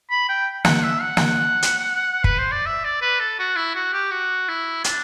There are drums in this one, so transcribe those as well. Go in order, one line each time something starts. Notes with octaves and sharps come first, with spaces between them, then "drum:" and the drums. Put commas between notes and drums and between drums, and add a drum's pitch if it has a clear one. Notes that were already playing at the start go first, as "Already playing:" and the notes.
B5
G5
F#5, drum: snare
E5
F#5
drum: snare
drum: hi-hat
B4, drum: kick
C5
D5
E5
D5
B4
A4
F#4
E4
F#4
G4
F#4
E4
D4, drum: hi-hat